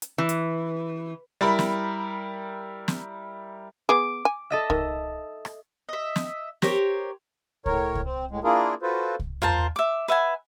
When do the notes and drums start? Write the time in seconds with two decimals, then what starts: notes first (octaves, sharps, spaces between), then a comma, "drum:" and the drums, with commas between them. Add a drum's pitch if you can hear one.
0.02 drum: hi-hat
0.18 E3
0.29 drum: hi-hat
1.41 G3 E4 A#4 B5
1.59 drum: snare
2.88 drum: snare
3.89 B3 G#4 D6
4.25 G#5
4.50 A4 D#5 E5
4.70 D#3, drum: kick C2
5.45 drum: rim click
5.89 D#5 E5
6.16 drum: snare
6.62 G4 A#4 C5 C#5, drum: snare
7.66 A2 A#4 C#5, drum: kick C2
7.95 drum: kick C2
8.05 C4
8.31 A2 G#3
8.44 A#3 D4 E4 F4 G#4 A#4
8.82 F4 F#4 A4 B4 C5
9.19 drum: kick C2
9.42 F4 A#4 C5 A5, drum: tom E2
9.76 E5 D6
10.08 B4 E5 F#5 G#5